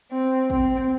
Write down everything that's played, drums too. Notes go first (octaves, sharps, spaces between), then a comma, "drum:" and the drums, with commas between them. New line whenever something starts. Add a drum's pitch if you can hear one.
C4
C4, drum: kick